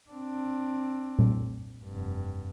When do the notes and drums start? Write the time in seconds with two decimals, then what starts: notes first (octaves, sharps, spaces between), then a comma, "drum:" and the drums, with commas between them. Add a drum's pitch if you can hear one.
0.11 C4 D4
1.19 drum: tom A#2
1.84 F1 G2